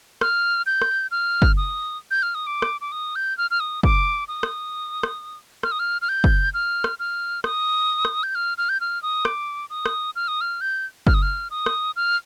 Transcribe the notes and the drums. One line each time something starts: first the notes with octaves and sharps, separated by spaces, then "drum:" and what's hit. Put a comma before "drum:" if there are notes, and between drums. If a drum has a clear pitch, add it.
F6, drum: rim click
G6
drum: rim click
F6
drum: kick
D#6
G6
F6
D#6
D6
drum: rim click
D6
D#6
G6
F6
F6
D#6
D6, drum: kick
D#6
drum: rim click
drum: rim click
F6, drum: rim click
D#6
F6
F6
G6
drum: kick
F6
drum: rim click
F6
D#6, drum: rim click
drum: rim click
G6
F6
F6
G6
F6
D#6
D6, drum: rim click
D#6
drum: rim click
F6
D#6
F6
G6
F6, drum: kick
D#6
F6
D#6
drum: rim click
F6